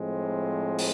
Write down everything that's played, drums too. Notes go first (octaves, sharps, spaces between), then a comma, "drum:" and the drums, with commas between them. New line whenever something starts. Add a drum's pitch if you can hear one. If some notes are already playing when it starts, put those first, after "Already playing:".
Already playing: A2 F3 G#3 C4
drum: open hi-hat